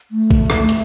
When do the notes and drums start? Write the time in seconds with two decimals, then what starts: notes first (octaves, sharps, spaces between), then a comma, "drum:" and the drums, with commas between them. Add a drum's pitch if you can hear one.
0.11 A3
0.31 drum: kick
0.50 drum: rim click
0.69 drum: hi-hat